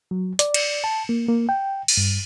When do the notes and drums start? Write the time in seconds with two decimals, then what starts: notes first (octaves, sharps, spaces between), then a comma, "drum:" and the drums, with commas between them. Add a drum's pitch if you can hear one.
0.11 F#3
0.39 D5, drum: hi-hat
0.54 drum: cymbal
0.84 A5
1.09 A#3
1.28 A#3
1.49 G5
1.88 drum: cymbal
1.97 G2